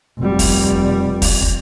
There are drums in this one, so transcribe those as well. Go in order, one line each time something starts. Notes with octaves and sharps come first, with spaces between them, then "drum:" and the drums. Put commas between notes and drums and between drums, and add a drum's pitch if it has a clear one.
F1 G3
drum: kick, open hi-hat
drum: kick, open hi-hat
drum: kick